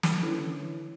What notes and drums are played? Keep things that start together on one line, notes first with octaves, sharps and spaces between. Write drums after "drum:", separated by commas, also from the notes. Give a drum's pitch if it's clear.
drum: snare
D3 E3 A3 C#4